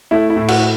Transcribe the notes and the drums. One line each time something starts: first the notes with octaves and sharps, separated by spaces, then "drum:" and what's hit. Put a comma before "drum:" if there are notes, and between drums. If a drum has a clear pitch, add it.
A3 E4 E5
E4 E5
A2
F#4 F#5, drum: cymbal
E4